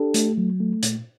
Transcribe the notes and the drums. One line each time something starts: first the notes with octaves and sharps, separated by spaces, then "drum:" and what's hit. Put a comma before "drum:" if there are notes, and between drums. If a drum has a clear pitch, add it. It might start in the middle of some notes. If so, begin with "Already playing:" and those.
Already playing: D4 G4 A4
A3, drum: hi-hat
F#3
A3
A#2, drum: hi-hat